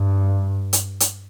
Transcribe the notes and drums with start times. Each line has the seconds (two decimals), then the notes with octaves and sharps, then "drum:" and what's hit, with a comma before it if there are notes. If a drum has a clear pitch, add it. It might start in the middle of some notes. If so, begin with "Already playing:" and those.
Already playing: G2
0.73 drum: hi-hat
1.00 drum: hi-hat